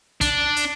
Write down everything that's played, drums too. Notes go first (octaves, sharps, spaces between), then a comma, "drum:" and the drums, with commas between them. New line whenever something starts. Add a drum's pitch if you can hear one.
D4, drum: kick, hi-hat
drum: hi-hat